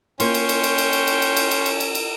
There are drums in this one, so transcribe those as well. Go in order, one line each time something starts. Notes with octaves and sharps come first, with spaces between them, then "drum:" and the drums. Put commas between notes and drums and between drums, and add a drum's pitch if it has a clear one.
A#3 C4 C#4 F4 G5 C6 C#6 F6, drum: cymbal
drum: cymbal
drum: cymbal
drum: cymbal
drum: cymbal
drum: cymbal
drum: cymbal
drum: cymbal
drum: cymbal
drum: cymbal
drum: cymbal
drum: cymbal
drum: cymbal